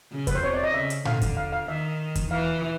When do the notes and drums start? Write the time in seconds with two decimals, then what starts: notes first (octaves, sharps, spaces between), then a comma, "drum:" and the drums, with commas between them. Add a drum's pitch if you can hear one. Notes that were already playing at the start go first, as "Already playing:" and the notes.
0.12 C#3
0.27 B4, drum: kick E2, hi-hat
0.35 C5
0.43 C3 C#5
0.54 D5
0.63 D#5
0.74 C#3 E5
0.90 drum: hi-hat
1.05 D3 F5, drum: tom A2
1.21 drum: kick E2, hi-hat
1.37 F5
1.52 F5
1.68 D#3 E5
2.15 drum: kick E2, hi-hat
2.31 E3 F5